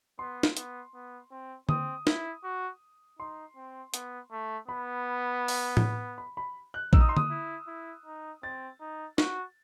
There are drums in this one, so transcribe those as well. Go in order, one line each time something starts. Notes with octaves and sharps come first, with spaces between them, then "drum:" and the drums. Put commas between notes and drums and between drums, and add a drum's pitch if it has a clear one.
B3 C6
drum: snare
B3, drum: hi-hat
B3
C4
C4 D#6, drum: tom D3
E4, drum: snare
F#4
D#4 C6
C4
B3, drum: hi-hat
A3
B3 B5
drum: open hi-hat
drum: tom A2
B5
B5
F#6
D#4 E6, drum: kick A#1
D#6
C6
D#6, drum: tom D3
E4
E4
D#4
C4 A6
D#4
F#4, drum: snare